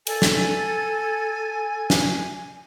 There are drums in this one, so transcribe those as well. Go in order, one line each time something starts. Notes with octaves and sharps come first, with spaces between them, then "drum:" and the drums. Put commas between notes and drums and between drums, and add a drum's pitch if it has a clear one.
A4 G#5, drum: cymbal
drum: snare
drum: snare